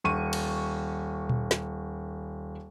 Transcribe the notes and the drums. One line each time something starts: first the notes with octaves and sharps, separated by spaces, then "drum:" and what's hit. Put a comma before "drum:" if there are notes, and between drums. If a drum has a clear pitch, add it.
D#1 C#6 D#7
drum: cymbal
drum: tom A#2
drum: snare